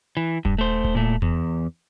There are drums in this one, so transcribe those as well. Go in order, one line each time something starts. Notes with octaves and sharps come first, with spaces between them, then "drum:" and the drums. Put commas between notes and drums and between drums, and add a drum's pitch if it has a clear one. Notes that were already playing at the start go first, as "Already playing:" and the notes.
E3
G2, drum: kick D#1
A3 C5
drum: kick D#1
A#2 A3
E2, drum: tom E2